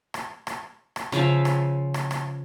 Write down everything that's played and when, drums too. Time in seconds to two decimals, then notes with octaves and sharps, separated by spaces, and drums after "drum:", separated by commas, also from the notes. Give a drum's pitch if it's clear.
0.14 drum: rim click
0.47 drum: rim click
0.96 drum: rim click
1.12 C#3 F3 E5 F5, drum: rim click
1.45 drum: rim click
1.94 drum: rim click
2.11 drum: rim click